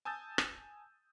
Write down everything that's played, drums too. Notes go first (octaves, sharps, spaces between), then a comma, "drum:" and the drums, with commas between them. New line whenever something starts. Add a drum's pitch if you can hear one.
G#5 A5 D#6 E6 G6 A6
drum: rim click